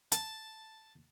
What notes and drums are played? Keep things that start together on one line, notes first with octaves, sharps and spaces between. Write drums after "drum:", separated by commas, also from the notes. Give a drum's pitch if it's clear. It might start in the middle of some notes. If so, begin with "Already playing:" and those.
A5, drum: hi-hat